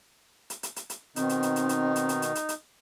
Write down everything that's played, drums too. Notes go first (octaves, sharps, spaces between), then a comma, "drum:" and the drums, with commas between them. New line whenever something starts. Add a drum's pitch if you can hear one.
drum: hi-hat
drum: hi-hat
drum: hi-hat
drum: hi-hat
B2 D#3 C4 D#4, drum: hi-hat
drum: hi-hat
drum: hi-hat
drum: hi-hat
drum: hi-hat
drum: hi-hat
drum: hi-hat
drum: hi-hat
drum: hi-hat
drum: hi-hat